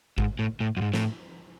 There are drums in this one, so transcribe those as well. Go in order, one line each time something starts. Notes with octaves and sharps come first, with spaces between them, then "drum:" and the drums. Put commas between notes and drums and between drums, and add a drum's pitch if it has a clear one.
G#2, drum: kick G#1
A2
A2
F#2
G#2
A2, drum: snare